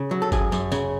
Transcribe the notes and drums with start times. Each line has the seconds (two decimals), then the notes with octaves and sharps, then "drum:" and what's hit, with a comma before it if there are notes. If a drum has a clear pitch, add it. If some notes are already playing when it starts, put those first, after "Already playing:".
Already playing: C#3
0.11 F#3
0.22 A4
0.32 F#2 G#4, drum: kick G1, tambourine
0.52 F#2, drum: tambourine
0.72 C#3, drum: tambourine